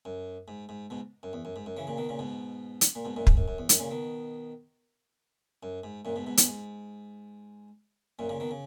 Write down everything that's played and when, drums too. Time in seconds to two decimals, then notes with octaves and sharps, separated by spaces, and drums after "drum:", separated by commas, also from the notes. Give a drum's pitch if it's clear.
0.05 F#2
0.48 G#2
0.69 G#2
0.90 G#2 B2
1.23 F#2
1.33 E2
1.45 F#2
1.56 G#2
1.66 F#2
1.77 C#3 E3
1.87 A#2 C#3
1.98 B2 D#3
2.09 A#2 C#3
2.19 G#2 B2
2.81 drum: hi-hat
2.95 A#2
3.05 G#2 B2
3.17 F#2 A#2
3.27 G#2, drum: kick
3.37 F#2
3.48 F#2
3.58 E2
3.69 F#2, drum: hi-hat
3.80 A#2 C#3
3.91 B2 D#3
5.63 F#2
5.84 G#2
6.05 F#2 A#2
6.16 G#2 B2
6.27 G#2 B2
6.37 G#2 B2, drum: hi-hat
6.48 G#2
8.19 F#2 A#2
8.29 A#2 C#3
8.40 B2 D#3
8.51 C#3